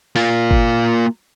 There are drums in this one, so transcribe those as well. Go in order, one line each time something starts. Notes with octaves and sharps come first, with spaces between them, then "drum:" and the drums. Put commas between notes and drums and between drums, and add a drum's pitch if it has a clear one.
A#3 F4, drum: open hi-hat
drum: kick G1